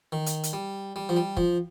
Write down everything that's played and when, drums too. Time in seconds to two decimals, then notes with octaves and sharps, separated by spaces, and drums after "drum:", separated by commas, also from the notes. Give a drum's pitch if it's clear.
0.12 D#3
0.26 drum: hi-hat
0.43 drum: hi-hat
0.53 G3
0.96 G3
1.09 F3
1.16 G3
1.37 F3, drum: kick